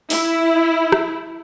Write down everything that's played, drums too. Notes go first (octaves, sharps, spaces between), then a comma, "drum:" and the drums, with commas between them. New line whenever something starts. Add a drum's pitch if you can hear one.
E4, drum: open hi-hat
drum: rim click